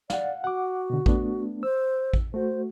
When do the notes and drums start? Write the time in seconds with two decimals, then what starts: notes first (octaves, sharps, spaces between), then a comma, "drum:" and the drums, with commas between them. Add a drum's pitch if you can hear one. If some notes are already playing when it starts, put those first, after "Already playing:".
0.10 D5 F5 F#5, drum: snare
0.44 F#4 F#5 D6
0.90 B2 D3
1.06 A3 B3 D4, drum: kick A1
1.63 C5 E6
2.14 drum: kick A1
2.34 A3 F#4 C5